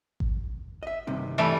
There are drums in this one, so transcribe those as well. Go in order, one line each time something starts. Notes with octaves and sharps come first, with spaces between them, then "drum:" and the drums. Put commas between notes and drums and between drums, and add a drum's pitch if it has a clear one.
drum: kick G#1
D#5 E5
G2 C3 D#3
E3 G3 A3